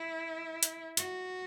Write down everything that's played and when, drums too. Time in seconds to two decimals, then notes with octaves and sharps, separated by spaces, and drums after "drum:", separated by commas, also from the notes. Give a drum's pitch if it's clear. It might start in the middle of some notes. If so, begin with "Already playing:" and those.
Already playing: E4
0.63 drum: hi-hat
0.97 F#4, drum: hi-hat